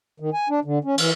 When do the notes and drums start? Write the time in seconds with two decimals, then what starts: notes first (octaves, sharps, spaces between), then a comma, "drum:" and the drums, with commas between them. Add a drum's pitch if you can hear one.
0.20 D#3
0.33 G#5
0.49 D4
0.65 D3
0.84 C#4
0.98 E3, drum: cymbal